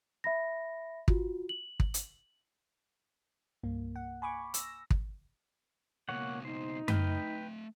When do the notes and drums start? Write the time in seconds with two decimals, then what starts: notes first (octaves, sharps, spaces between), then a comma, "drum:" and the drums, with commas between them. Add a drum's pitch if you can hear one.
0.24 E5 B5 A#6
1.08 F4 F#4, drum: kick
1.49 F#7
1.80 drum: kick
1.94 drum: hi-hat
3.63 C2 G2 A#3
3.96 F#5
4.22 G#5 B5 C#6 D6
4.54 E6 A#6, drum: hi-hat
4.90 drum: kick
6.09 C#2 B2 A#3 C#5 F#5
6.45 D#4 C5
6.88 A3 B4 D#5 G5 F6, drum: tom F#2